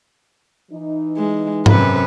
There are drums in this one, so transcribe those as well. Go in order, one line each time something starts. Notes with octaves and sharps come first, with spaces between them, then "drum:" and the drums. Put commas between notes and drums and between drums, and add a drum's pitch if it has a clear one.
E3 D#4
G#3
F#2 C3 B4, drum: tom G#2